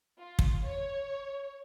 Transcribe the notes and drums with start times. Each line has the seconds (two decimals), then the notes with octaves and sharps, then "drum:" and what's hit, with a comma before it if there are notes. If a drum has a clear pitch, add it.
0.20 F4
0.39 drum: kick
0.63 C#5